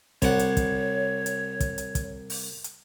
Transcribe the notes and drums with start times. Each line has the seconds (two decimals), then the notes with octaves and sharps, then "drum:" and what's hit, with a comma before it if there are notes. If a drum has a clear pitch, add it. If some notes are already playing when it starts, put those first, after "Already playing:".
0.22 C2 C#5 F#5, drum: kick, hi-hat
0.39 drum: hi-hat
0.57 drum: kick, hi-hat
1.26 drum: hi-hat
1.60 drum: kick, hi-hat
1.78 drum: hi-hat
1.95 drum: kick, hi-hat
2.30 drum: open hi-hat
2.64 drum: hi-hat